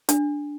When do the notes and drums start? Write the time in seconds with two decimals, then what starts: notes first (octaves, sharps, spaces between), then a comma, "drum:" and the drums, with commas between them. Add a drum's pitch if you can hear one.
0.09 D4, drum: hi-hat